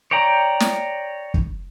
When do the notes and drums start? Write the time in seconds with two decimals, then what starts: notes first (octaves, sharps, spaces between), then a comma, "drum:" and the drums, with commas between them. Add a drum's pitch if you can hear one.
0.11 C#5 D5 G5 A#5
0.60 drum: snare
1.34 drum: kick